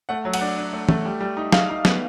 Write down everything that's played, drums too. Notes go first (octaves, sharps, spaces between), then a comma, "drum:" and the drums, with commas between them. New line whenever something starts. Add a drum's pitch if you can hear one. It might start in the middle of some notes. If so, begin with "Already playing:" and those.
A3 F#5
F#3
F#5, drum: cymbal
D4
D4
A3
A3, drum: tom
G3
G3
D#4
D#4 F5, drum: snare
D#4
B3, drum: snare